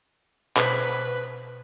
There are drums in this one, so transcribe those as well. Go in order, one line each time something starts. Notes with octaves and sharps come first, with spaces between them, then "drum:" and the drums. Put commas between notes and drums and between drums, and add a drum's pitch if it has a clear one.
B2 B4 C5, drum: clap